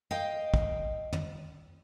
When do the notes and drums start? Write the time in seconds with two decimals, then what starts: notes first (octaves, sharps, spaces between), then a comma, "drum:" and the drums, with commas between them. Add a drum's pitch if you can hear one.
0.11 D#5 F5 G5
0.54 drum: kick
1.13 drum: tom